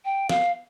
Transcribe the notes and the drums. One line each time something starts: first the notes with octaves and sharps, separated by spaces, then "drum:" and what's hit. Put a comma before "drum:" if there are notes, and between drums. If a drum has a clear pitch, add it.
G5
F5, drum: snare